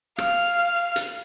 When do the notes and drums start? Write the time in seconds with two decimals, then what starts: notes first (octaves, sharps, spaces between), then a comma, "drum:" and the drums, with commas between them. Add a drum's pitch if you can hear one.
0.18 F5, drum: rim click
0.96 drum: hi-hat